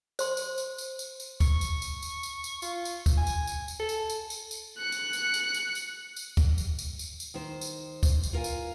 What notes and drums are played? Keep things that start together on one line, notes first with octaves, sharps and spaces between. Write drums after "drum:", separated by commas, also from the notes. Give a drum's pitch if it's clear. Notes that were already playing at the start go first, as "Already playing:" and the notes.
C5 C6, drum: tambourine
drum: tambourine
drum: tambourine
drum: tambourine
drum: tambourine
drum: tambourine
C#6, drum: kick D2, tambourine
drum: tambourine
drum: tambourine
drum: tambourine
drum: tambourine
drum: tambourine
F4, drum: tambourine
drum: tambourine
drum: kick D2, tambourine
G#5
drum: tambourine
drum: tambourine
drum: tambourine
A4
drum: tambourine
drum: tambourine
drum: tambourine
drum: tambourine
F#6 C#7
drum: tambourine
drum: tambourine
drum: tambourine
drum: tambourine
drum: tambourine
drum: tambourine
drum: kick D2, tambourine
drum: tambourine
drum: tambourine
drum: tambourine
drum: tambourine
D#3 C5
drum: tambourine
drum: kick D2, tambourine
drum: tambourine
F4 A#4 F5 G#5
drum: tambourine